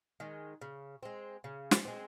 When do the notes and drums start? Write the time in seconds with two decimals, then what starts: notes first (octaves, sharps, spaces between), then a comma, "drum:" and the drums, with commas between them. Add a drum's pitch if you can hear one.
0.20 D#3 G#3
0.61 C#3
1.03 G#3 C4
1.44 C#3
1.71 drum: snare
1.85 G#3 C4